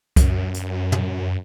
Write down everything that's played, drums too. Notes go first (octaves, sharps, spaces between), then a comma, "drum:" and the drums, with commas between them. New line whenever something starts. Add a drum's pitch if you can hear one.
F#2, drum: kick C2, hi-hat
drum: hi-hat
drum: tom